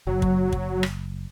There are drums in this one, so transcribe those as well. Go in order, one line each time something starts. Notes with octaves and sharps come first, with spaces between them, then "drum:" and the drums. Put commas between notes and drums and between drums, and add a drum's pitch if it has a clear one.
F#1 F#3
drum: kick
drum: kick
drum: rim click